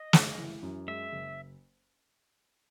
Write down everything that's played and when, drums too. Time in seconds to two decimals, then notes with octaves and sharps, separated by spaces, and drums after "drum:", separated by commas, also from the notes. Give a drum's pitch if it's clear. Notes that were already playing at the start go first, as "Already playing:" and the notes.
Already playing: D#5
0.13 F#1, drum: snare
0.38 E3
0.63 F#2
0.87 G#3 E5
1.12 F#1